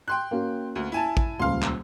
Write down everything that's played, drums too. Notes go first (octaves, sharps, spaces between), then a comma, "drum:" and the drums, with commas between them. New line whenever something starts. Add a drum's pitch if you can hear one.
G5 C6 F#6
A#3 C#4 F#4
D2
E4 G#5 A5
drum: kick A1
D#1 C#2 F5 C6
drum: clap